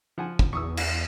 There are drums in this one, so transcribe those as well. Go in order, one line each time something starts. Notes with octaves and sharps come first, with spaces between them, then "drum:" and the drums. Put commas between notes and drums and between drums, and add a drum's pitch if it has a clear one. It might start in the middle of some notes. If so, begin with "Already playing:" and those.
F3 F#5 G#5
drum: kick
E2 C#6 D#6 E6
drum: cymbal